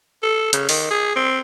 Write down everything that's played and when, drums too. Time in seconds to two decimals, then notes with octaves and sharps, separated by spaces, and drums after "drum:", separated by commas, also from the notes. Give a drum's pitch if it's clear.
0.22 A4
0.53 C#3, drum: hi-hat
0.69 D#3, drum: open hi-hat
0.90 G#4
1.15 C4